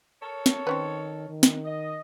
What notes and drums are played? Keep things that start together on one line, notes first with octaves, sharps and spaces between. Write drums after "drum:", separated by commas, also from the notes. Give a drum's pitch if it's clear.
A4 A#4 C#5
drum: snare
D#3 C4 C#4 B4
D#3
drum: snare
D#5